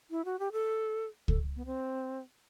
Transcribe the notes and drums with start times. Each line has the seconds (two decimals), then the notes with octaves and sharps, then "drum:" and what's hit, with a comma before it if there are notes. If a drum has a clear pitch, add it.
0.11 E4
0.25 F#4
0.39 G4
0.52 A4
1.28 A4, drum: kick C#2
1.56 B3
1.66 C4